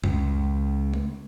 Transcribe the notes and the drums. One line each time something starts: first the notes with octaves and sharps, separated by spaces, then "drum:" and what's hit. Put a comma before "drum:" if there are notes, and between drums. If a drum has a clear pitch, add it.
C#2, drum: tom F2
drum: tom G#3